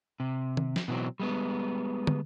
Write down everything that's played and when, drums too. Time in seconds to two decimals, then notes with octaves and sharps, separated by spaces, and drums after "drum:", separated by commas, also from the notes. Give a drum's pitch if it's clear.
0.20 C3
0.57 drum: tom D#3
0.76 drum: snare F3
0.88 B2 E3 F#3 C4
1.20 G3 G#3 B3
2.07 drum: tom